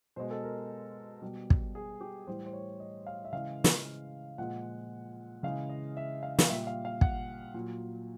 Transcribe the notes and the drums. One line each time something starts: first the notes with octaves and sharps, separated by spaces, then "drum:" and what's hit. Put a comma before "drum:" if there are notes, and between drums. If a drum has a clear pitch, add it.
B2 G#3 C5
A4
A#4
B2 G3
drum: kick
G#4
G4
A2 E3 G3 C5
C5
C#5
D#5
F5
E5
C#3 E3 G#3 F5
drum: snare
A#2 F3 G#3 F#5
C#3 E3 G#3 F5
D#5
E5
F5
F5, drum: snare
A#2 G3 E5
F5
F5
F#5, drum: kick
A#2 F#3